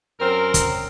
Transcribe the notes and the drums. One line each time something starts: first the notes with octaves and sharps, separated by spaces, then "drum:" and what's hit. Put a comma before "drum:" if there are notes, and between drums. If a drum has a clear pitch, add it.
F#2 C4 A#4
drum: kick, hi-hat